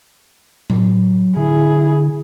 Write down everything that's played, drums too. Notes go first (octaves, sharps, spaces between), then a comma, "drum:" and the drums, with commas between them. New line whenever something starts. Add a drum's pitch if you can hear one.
F#3, drum: tom A2
D3 E4 G#4